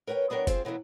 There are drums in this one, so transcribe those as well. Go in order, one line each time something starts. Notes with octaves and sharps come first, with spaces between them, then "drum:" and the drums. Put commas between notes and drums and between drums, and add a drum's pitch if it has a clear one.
A#4 B4 C#5 F#5 G5
F#3 B3 D4 A#4 C#5 G5
C4 F4 G4 G#4 C5, drum: kick F#1, hi-hat
B2 E3 F#3 A#3 B3